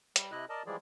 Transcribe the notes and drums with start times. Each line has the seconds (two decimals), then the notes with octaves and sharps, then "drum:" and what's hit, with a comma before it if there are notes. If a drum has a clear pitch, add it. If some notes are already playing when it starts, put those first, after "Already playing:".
0.16 G3, drum: hi-hat
0.32 C3 E4 D#5 F#6
0.49 A#4 D5 D#5 A5
0.66 E3 F3 G3 G#3 G#4 D5